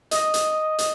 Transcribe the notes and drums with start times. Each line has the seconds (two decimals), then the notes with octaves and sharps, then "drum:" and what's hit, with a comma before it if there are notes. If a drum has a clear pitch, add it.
0.11 D#5, drum: hi-hat
0.34 drum: hi-hat
0.79 drum: hi-hat